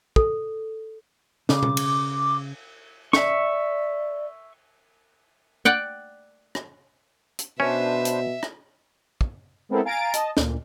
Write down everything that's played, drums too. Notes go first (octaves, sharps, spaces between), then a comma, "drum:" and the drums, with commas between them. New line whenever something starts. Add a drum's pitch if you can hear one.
A4, drum: kick
C#3 D6, drum: snare
drum: tom B2
drum: cymbal
D5 E5 C#6, drum: snare
D5 F#5 G5
drum: rim click
drum: hi-hat
B2 C#4 D4 B4 C5 E5
drum: hi-hat
drum: rim click
drum: kick
G#3 B3 C4 E4 A4 A#4
F5 G#5 A#5 A6 D7
D#5 A5, drum: hi-hat
D2 A#2, drum: snare